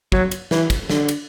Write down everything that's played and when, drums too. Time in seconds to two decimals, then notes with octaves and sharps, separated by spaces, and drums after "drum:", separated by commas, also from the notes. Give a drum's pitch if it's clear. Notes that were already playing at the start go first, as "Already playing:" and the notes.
0.12 F#3, drum: kick
0.31 drum: cymbal
0.51 E3, drum: snare
0.70 drum: kick, cymbal
0.90 D3, drum: snare
1.08 drum: cymbal